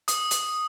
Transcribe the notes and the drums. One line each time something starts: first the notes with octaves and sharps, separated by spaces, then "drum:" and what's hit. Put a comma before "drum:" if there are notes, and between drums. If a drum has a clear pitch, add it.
D#6, drum: hi-hat
drum: hi-hat